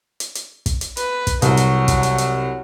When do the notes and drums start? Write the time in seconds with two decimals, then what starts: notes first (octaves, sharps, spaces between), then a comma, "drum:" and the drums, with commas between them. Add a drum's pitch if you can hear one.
0.20 drum: hi-hat
0.35 drum: hi-hat
0.66 drum: kick, hi-hat
0.81 drum: hi-hat
0.97 B4, drum: hi-hat
1.27 drum: kick, hi-hat
1.42 C2 F#3, drum: hi-hat
1.57 drum: hi-hat
1.88 drum: kick, hi-hat
2.03 drum: hi-hat
2.18 drum: hi-hat